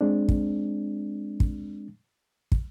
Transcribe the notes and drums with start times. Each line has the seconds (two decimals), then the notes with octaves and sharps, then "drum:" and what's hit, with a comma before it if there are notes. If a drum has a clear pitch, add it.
0.01 G#3 C4 D4
0.29 drum: kick
1.40 drum: kick
2.52 drum: kick